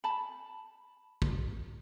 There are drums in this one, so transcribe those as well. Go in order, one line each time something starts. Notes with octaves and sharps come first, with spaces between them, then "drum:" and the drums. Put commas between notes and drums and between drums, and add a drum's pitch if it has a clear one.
A5 B5
drum: kick